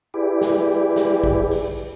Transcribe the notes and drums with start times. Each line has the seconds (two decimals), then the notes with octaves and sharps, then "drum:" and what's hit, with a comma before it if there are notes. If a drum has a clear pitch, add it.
0.14 E4 G4 G#4 B4 D5
0.41 drum: snare
0.96 drum: snare
1.24 drum: kick
1.51 drum: open hi-hat